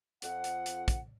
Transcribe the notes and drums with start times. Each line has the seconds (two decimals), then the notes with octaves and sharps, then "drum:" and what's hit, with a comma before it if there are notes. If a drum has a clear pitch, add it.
0.22 F2 F#5, drum: hi-hat
0.44 drum: hi-hat
0.66 drum: hi-hat
0.88 drum: kick, hi-hat